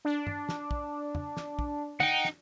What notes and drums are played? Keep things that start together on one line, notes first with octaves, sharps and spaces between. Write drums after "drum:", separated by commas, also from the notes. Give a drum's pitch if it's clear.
D4
drum: tom
drum: snare
drum: kick
drum: tom
drum: snare
drum: kick
D#4 F#5 G5, drum: tom
drum: snare